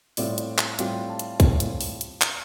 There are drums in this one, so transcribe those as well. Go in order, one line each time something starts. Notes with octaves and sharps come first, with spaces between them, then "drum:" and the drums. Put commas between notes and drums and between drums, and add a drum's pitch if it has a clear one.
A2 G3 C4 F4 D5, drum: open hi-hat
drum: hi-hat
drum: clap
A2 G3 C4 F4 G4, drum: hi-hat
A5
drum: hi-hat
A2 G3 C4 F4, drum: kick B1, hi-hat
drum: hi-hat
drum: open hi-hat
drum: hi-hat
drum: clap